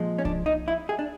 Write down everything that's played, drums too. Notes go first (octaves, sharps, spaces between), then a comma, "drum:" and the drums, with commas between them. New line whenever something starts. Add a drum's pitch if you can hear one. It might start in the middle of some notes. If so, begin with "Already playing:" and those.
Already playing: A#2 F3 G#3
C#4
D4, drum: kick C2
D#4
E4
G#4
D4